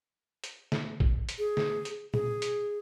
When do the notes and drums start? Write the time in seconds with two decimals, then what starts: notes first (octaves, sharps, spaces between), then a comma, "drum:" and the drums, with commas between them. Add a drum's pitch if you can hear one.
0.44 drum: hi-hat
0.72 drum: snare
1.00 drum: kick
1.29 drum: hi-hat
1.38 G#4
1.57 drum: snare
1.85 drum: hi-hat
2.14 G#4, drum: tom A#2
2.42 drum: hi-hat